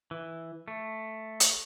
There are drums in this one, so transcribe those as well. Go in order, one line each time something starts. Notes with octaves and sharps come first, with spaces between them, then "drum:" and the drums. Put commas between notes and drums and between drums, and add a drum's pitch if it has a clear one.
E3
A3
drum: hi-hat